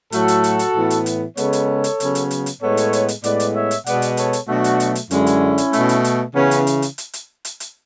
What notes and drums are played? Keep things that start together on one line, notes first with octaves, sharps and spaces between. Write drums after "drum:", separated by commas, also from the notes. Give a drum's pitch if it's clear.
A2 F#3 A3 F#4 A4, drum: hi-hat
drum: hi-hat
drum: hi-hat
drum: hi-hat
A2 E3 B3
drum: hi-hat
drum: hi-hat
C#3 G#3 B3 A4 C#5, drum: hi-hat
drum: hi-hat
drum: hi-hat
C#3 F#3 B3, drum: hi-hat
drum: hi-hat
drum: hi-hat
drum: hi-hat
A2 G#3 B3 A4 C#5
drum: hi-hat
drum: hi-hat
drum: hi-hat
A2 G#3 B3 B4 D5, drum: hi-hat
drum: hi-hat
C#5 E5
drum: hi-hat
B2 G#3 B3 D5 F#5, drum: hi-hat
drum: hi-hat
A4 C#5, drum: hi-hat
drum: hi-hat
B2 F#3 A3 D4 F#4
drum: hi-hat
drum: hi-hat
drum: hi-hat
F#2 D3 G#3 C#4 E4, drum: hi-hat
drum: hi-hat
drum: hi-hat
B2 A3, drum: hi-hat
drum: hi-hat
drum: hi-hat
C#3 E3 B3 C#4
drum: hi-hat
drum: hi-hat
drum: hi-hat
drum: hi-hat
drum: hi-hat
drum: hi-hat
drum: hi-hat